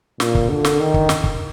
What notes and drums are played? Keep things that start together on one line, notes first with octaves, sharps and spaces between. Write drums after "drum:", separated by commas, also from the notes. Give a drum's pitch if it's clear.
A#2, drum: snare
drum: kick
D3
drum: snare
D#3
drum: kick
drum: snare
drum: kick